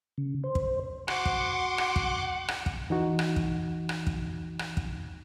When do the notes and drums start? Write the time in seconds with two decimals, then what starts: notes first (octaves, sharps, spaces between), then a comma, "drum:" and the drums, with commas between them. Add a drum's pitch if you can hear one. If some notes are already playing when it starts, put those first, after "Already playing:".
0.18 C#3
0.44 C5
0.55 drum: kick
1.08 F#4 F#5 C6 D6, drum: rim click
1.25 drum: kick
1.78 drum: rim click
1.96 drum: kick
2.48 drum: rim click
2.66 drum: kick
2.90 E3 D#4 F#4
3.19 drum: rim click
3.36 drum: kick
3.89 drum: rim click
4.07 drum: kick
4.59 drum: rim click
4.77 drum: kick